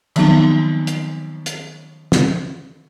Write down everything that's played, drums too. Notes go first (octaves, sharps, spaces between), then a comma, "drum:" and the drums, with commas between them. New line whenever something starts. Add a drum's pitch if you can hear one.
D#3 F3 F#3 B3 C4 D#4, drum: cymbal
drum: hi-hat
drum: hi-hat
drum: snare